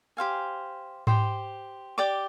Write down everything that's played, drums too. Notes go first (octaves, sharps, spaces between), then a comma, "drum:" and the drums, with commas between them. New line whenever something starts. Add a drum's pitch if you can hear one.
G4 C5 F5 G#5
G4 C5 G5, drum: tom G#2
G4 D5 G5 D6